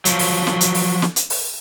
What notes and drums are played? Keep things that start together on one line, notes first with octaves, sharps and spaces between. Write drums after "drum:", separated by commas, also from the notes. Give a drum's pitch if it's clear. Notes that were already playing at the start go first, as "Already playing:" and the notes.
F3 F#3, drum: hi-hat
drum: open hi-hat
drum: snare
drum: hi-hat
drum: open hi-hat
drum: snare
drum: hi-hat
drum: open hi-hat